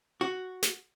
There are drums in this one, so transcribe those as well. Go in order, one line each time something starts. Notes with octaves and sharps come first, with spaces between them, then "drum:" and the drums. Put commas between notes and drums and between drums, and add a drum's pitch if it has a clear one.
F#4
drum: snare